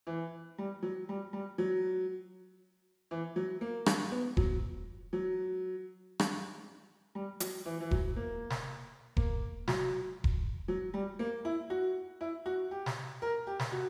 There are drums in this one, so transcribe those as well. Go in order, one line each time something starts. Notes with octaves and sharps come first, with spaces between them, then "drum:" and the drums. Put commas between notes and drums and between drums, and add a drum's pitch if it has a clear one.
E3
G3
F#3
G3
G3
F#3
E3
F#3
A#3
drum: rim click
B3
F#3, drum: kick E1
F#3
drum: rim click
G3
F#3, drum: hi-hat
E3
E3
F#3, drum: kick E1
A#3
drum: snare
A#3, drum: kick E1
F#3, drum: snare
drum: kick E1
F#3
G3
A#3
E4
F#4
E4
F#4
G4
drum: snare
A#4
G4
drum: snare
F#4